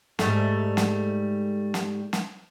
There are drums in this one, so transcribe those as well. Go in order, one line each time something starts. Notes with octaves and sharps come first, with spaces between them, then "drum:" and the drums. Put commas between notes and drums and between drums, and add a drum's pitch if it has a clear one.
G#2 G3 A3, drum: snare
drum: snare
drum: snare
drum: snare